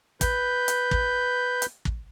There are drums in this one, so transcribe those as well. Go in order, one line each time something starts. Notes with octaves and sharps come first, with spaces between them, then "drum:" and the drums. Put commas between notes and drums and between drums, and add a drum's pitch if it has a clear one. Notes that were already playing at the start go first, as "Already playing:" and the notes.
B4 G6, drum: kick, hi-hat
drum: hi-hat
drum: kick
drum: hi-hat
drum: kick